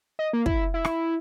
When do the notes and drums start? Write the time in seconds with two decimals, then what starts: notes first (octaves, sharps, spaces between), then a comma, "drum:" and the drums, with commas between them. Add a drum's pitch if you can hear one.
0.19 D#5
0.33 A#3
0.46 E4, drum: kick
0.74 E4
0.85 drum: rim click